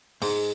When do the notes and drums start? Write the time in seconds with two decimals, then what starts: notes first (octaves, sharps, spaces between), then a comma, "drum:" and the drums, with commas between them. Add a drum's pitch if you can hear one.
0.22 G#2, drum: open hi-hat